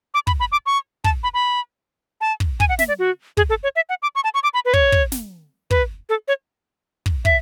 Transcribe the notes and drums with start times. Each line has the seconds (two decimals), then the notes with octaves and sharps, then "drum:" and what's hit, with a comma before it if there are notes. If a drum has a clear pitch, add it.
0.14 D6
0.27 B5, drum: kick
0.40 B5
0.52 D6
0.66 C#6
1.04 A5, drum: kick
1.23 B5
1.34 B5
2.21 A5
2.40 drum: kick
2.60 G#5, drum: kick
2.69 F#5
2.79 E5, drum: snare
2.88 D5
2.99 F#4
3.37 G#4, drum: kick
3.50 A4
3.63 C#5
3.76 E5
3.89 F#5
4.02 D6
4.15 C#6
4.24 A5
4.34 C#6
4.43 D6
4.54 B5
4.65 B4
4.74 C#5, drum: kick
4.92 drum: kick
5.12 drum: snare
5.71 B4, drum: kick
6.09 A4
6.28 C#5
7.06 drum: kick
7.25 E5, drum: kick